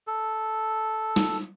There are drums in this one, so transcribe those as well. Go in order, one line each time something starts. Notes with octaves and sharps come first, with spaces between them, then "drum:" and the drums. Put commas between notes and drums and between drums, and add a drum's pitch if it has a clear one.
A4
drum: snare